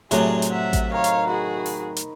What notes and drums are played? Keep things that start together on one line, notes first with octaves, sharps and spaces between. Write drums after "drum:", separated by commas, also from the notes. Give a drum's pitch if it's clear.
A2 C3 F#3 D4 G#4 C5, drum: hi-hat
drum: hi-hat
E5 F#5
drum: kick A1, hi-hat
D#3 C#5 F5 A#5
drum: hi-hat
F#4 G#4 B5
drum: open hi-hat
drum: hi-hat